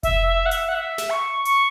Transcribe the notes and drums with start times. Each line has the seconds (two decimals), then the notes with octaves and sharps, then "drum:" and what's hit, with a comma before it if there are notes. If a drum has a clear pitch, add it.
0.03 E5, drum: kick F1, hi-hat
0.27 E5
0.46 F#5
0.51 E5, drum: hi-hat
0.69 F#5
0.75 E5
0.98 drum: snare
1.10 C#6
1.45 C#6, drum: hi-hat